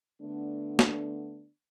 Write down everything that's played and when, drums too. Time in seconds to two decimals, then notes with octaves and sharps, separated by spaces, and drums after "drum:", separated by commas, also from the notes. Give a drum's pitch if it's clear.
0.22 D3 A3 B3 D4
0.79 drum: snare